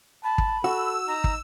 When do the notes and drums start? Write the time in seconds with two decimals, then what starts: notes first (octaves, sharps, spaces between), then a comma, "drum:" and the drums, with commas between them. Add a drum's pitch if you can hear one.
0.24 A5 B5
0.38 drum: kick
0.64 F#4 A4 E6
1.08 D#4 A#5
1.24 drum: kick